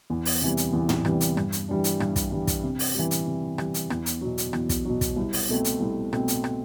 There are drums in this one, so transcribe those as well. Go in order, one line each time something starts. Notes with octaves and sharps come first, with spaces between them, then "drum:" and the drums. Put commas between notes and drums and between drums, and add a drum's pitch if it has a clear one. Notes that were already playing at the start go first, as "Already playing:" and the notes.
E2
drum: open hi-hat
C3 E3 G3
drum: hi-hat
E2
drum: tom
C3 E3 G3, drum: rim click
drum: hi-hat
G2, drum: rim click
drum: hi-hat
E3 G3 D4
drum: hi-hat
G2, drum: rim click
drum: kick, hi-hat
E3 G3 D4
drum: kick, hi-hat
C3
drum: open hi-hat
E3 G3
drum: hi-hat
C3
E3 G3, drum: rim click
drum: hi-hat
E2, drum: rim click
drum: hi-hat
B2 F#3
drum: hi-hat
E2, drum: rim click
drum: kick, hi-hat
B2 F#3
drum: kick, hi-hat
C2
drum: open hi-hat
B2 A3 C4
drum: hi-hat
C2
B2 A3 C4, drum: rim click
drum: hi-hat
drum: rim click